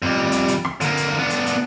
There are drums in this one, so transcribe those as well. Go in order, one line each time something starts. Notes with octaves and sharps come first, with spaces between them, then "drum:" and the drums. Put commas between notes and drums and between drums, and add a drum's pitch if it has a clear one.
F2 G3
drum: hi-hat
drum: hi-hat
drum: rim click
D3 A#3, drum: hi-hat
drum: hi-hat
B3 D4
drum: hi-hat
drum: hi-hat